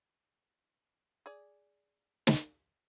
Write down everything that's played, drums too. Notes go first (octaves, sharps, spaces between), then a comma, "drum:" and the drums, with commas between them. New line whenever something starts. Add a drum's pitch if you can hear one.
G#4 D5
drum: snare